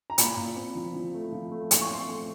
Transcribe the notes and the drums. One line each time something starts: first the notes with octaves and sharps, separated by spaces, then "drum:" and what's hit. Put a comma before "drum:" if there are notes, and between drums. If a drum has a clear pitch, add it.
A#5
A#2 B5, drum: hi-hat
A#2
C4
F3
F3
A3
F3
A3
A#2 C6, drum: hi-hat
C#6
C4 C6
A3